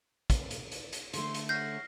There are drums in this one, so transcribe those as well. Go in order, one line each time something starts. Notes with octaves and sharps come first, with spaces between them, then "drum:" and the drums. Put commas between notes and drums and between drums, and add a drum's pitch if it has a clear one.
drum: kick, hi-hat
drum: hi-hat
drum: hi-hat
drum: hi-hat
D3 A3 C6, drum: hi-hat
drum: hi-hat
C#5 F#5 F6 G6 A#6 C7